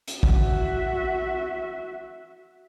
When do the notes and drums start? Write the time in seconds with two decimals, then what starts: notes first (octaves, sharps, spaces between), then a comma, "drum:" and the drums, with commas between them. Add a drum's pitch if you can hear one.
0.08 drum: hi-hat
0.23 F#4 E5, drum: kick